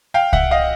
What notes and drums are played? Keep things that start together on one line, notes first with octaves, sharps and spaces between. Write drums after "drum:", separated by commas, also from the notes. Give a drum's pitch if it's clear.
F5 G5
E5 F#5, drum: kick C2
D#5 F5